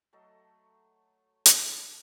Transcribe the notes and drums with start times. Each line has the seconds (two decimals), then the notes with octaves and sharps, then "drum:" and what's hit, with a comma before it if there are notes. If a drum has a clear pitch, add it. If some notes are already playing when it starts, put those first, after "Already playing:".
0.13 F#3 A3 A4 D#5
1.46 drum: hi-hat